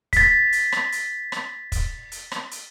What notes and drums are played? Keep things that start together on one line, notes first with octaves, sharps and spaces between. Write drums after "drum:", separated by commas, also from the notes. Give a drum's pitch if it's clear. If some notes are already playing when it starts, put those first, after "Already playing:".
A6 B6, drum: kick, hi-hat
drum: hi-hat
drum: rim click
drum: hi-hat
drum: rim click
drum: kick, hi-hat
drum: hi-hat
drum: rim click
drum: hi-hat